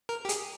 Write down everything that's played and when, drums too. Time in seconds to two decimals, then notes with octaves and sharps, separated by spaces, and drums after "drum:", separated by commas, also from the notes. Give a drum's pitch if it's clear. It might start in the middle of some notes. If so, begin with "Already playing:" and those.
0.09 A#4
0.25 G4
0.29 G#4, drum: hi-hat